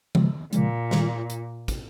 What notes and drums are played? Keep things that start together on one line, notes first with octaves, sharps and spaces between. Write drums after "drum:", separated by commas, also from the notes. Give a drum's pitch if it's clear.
C#3 F3 G#3, drum: tom D#3
A#2 C#3 F3 G#3, drum: hi-hat
D#3 G3, drum: snare
drum: hi-hat
drum: kick, hi-hat